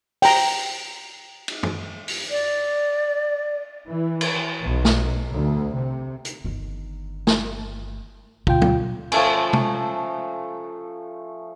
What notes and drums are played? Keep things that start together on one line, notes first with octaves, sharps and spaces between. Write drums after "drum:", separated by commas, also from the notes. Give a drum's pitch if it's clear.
G5 A#5, drum: open hi-hat
drum: cymbal
drum: tom
drum: open hi-hat
D5
E3
drum: cymbal
B1
drum: snare
D2
C3
drum: hi-hat
G1 D#3
drum: snare
D2 B2 F4 G5, drum: kick
drum: tom
F3 A3 C#4, drum: cymbal
drum: tom